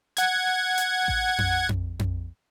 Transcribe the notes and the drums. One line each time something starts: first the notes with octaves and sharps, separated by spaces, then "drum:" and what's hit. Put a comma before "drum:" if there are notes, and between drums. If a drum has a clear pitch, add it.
F#5 G#6, drum: hi-hat
drum: hi-hat
drum: kick A1
drum: tom F2
drum: tom F2
drum: tom F2